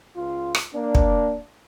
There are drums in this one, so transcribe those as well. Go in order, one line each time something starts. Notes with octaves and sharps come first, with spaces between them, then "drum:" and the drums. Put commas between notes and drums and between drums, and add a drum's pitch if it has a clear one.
C#2 F4
drum: rim click
A#3 D4
drum: kick